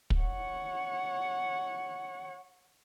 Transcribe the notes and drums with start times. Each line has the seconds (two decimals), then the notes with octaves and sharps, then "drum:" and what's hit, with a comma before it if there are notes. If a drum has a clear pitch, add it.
0.10 drum: kick
0.20 C#5 F#5